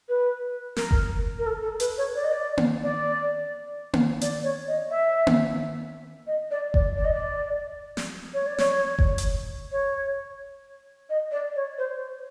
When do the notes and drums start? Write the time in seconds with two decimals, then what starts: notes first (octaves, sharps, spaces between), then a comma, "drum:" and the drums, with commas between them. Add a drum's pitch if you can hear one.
0.09 B4
0.76 A#4, drum: snare
0.91 drum: kick F#1
1.39 A#4
1.46 A4
1.63 A4
1.80 B4, drum: hi-hat
1.98 C#5
2.15 D5
2.24 D#5
2.31 D5
2.57 drum: tom A#3
2.83 D5
3.93 drum: tom A#3
4.21 D5, drum: hi-hat
4.43 C#5
4.68 D#5
4.90 E5
5.27 drum: tom A#3
6.27 D#5
6.51 D5
6.74 D5, drum: kick F#1
6.96 D5
7.05 D#5
7.13 D5
7.97 drum: snare
8.34 C#5
8.46 D5
8.58 C#5, drum: snare
8.99 drum: kick F#1
9.18 drum: hi-hat
9.72 C#5
11.10 D#5
11.31 D5
11.55 C#5
11.78 C5